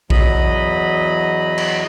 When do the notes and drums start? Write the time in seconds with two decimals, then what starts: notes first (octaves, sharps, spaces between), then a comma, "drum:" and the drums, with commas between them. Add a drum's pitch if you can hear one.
0.10 E2 F#3 D#5 B5, drum: kick A#1
1.58 drum: cymbal